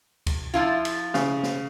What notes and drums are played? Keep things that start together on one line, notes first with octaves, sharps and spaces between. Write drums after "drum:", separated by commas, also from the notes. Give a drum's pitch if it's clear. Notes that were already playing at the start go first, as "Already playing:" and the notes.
drum: kick C#2, cymbal
F3 E4 F4
drum: cymbal
C#3, drum: snare
drum: snare